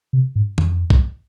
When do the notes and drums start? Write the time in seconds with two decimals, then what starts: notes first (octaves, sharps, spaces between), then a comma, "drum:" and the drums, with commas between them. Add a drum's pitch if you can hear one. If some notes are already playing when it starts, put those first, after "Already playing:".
0.13 C3
0.36 G#2
0.58 F2, drum: tom
0.90 drum: kick